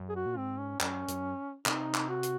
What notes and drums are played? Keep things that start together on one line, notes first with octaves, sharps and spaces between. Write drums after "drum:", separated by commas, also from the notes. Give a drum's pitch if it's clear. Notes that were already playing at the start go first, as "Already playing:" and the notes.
Already playing: F#2
G#4
F#4
A#2
G#2 C4
C#4
F#2 C#4, drum: clap
F#2, drum: hi-hat
C3 D#4, drum: clap
drum: clap
F#4
drum: hi-hat